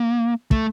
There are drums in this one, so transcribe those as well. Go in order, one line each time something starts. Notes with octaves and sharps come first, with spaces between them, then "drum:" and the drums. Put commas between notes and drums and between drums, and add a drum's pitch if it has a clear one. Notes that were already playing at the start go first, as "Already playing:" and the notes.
Already playing: A#3
A3, drum: kick